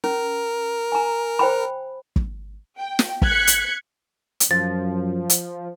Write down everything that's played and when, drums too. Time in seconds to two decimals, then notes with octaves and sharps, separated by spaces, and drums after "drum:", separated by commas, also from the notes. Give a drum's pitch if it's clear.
0.04 C#4 A#4
0.92 G#5 A#5
1.39 C5 G5 B5
2.16 drum: kick
2.78 G5
2.99 drum: snare
3.22 F#6 G#6 B6 C#7, drum: kick
3.47 drum: hi-hat
4.40 drum: hi-hat
4.51 F#2 F3 A6
5.30 drum: hi-hat